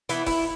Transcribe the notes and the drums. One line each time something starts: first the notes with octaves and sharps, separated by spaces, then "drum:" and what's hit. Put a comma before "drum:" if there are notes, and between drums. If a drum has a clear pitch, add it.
E3 B3 E4, drum: hi-hat
E4, drum: kick E1, open hi-hat